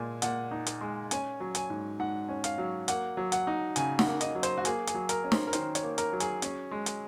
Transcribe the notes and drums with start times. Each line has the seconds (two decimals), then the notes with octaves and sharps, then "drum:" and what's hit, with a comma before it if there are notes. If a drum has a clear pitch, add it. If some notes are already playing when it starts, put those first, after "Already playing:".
Already playing: A#2 G#3 G#5
0.22 A#2 F#5, drum: hi-hat
0.51 D#4
0.67 drum: hi-hat
0.81 G#3
1.11 C#4 G#5, drum: hi-hat
1.40 F#3
1.55 G#5, drum: hi-hat
1.70 G#2
1.99 G#2 F#5
2.29 C#4
2.44 F5, drum: hi-hat
2.58 F#3
2.88 A#3 F#5, drum: hi-hat
3.17 F#3
3.32 F#5, drum: hi-hat
3.47 D#4
3.76 C#3 G#5, drum: hi-hat
3.99 F#5, drum: snare
4.06 A#3
4.21 D#5, drum: hi-hat
4.35 F#3
4.43 C5, drum: hi-hat
4.58 F#4
4.65 A#3 G#4, drum: hi-hat
4.87 G#4, drum: hi-hat
4.94 F#3
5.09 A#4, drum: hi-hat
5.24 C#4
5.32 C5, drum: snare
5.47 A#4
5.53 D#3 C5, drum: hi-hat
5.75 C#5, drum: hi-hat
5.83 A#3
5.98 A#4, drum: hi-hat
6.13 F#3
6.20 G#4, drum: hi-hat
6.42 C#4, drum: hi-hat
6.71 G#3
6.86 drum: hi-hat